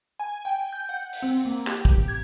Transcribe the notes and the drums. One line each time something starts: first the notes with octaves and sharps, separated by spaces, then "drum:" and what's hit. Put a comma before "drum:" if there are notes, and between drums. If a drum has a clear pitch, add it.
G#5
G5
G6
F#5
drum: open hi-hat
C4
A#3
G4, drum: clap
drum: kick
G#6